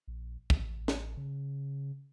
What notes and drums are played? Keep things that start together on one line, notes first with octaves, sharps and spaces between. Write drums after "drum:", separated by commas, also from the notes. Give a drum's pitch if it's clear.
A#1
A1, drum: kick
drum: snare
C#3